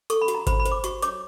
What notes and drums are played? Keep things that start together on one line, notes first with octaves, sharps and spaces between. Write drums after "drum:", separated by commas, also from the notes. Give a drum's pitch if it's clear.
A4 C#6, drum: hi-hat
B5
F#4, drum: hi-hat
A#5
C5 B5, drum: kick G#1, hi-hat
B5
C5, drum: hi-hat
D6
F#4 C#6, drum: hi-hat
C#5 D6, drum: hi-hat